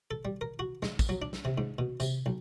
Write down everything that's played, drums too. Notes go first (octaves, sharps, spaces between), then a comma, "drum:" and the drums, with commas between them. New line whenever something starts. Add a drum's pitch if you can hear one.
A4
G3
A#4
F#4
G#3, drum: snare
drum: kick, tambourine
F#3
D4
drum: snare
C3
G#2
B2
C3, drum: tambourine
B1